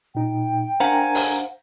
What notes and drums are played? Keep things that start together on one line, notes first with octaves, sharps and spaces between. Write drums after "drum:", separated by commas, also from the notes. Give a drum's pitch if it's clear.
A#2 D#4 G5
D4 A#4 C5 F5 F#5 G#5 A#5
drum: open hi-hat